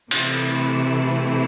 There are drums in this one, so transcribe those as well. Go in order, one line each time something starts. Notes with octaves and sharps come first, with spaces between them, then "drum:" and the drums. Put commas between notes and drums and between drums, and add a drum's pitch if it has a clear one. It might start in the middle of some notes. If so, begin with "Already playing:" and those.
C3 E3 A3 E4, drum: cymbal